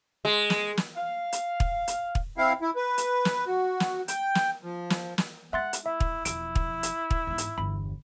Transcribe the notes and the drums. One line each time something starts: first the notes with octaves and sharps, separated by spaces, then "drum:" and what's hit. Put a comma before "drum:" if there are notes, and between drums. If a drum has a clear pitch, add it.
G#3
drum: snare
drum: snare
F5
drum: hi-hat
drum: kick
drum: hi-hat
drum: kick
C4 E4 F5
E4
B4
drum: hi-hat
drum: snare
F#4
drum: snare
G5, drum: hi-hat
drum: snare
F3
drum: snare
drum: snare
G#3 E5 F#5 C6 A6
drum: hi-hat
E4 E5
drum: kick
E1 F3 E4 D7, drum: hi-hat
drum: kick
drum: hi-hat
drum: kick
E2 G#2
drum: hi-hat
G1 E2 B5